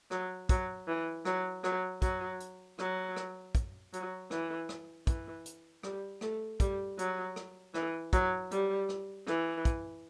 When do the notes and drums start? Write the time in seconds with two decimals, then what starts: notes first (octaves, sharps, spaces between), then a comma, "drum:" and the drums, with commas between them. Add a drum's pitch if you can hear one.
0.11 F#3, drum: rim click
0.49 F#3, drum: kick, hi-hat
0.88 E3
1.25 F#3, drum: rim click
1.64 F#3, drum: rim click
2.02 F#3, drum: kick, hi-hat
2.40 drum: hi-hat
2.79 F#3, drum: rim click
3.16 drum: rim click
3.55 drum: kick, hi-hat
3.93 F#3, drum: hi-hat
4.31 E3, drum: rim click
4.69 drum: rim click
5.07 E3, drum: kick, hi-hat
5.45 drum: hi-hat
5.83 G3, drum: rim click
6.21 A3, drum: rim click
6.60 G3, drum: kick, hi-hat
6.99 F#3, drum: hi-hat
7.36 drum: rim click
7.75 E3, drum: rim click
8.13 F#3, drum: kick, hi-hat
8.51 G3, drum: hi-hat
8.89 drum: rim click
9.27 E3, drum: rim click
9.65 drum: kick, hi-hat